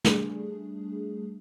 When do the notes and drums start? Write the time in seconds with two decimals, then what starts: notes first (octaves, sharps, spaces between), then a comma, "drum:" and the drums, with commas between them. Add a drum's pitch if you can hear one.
0.05 G3 A3 D4 G#4, drum: snare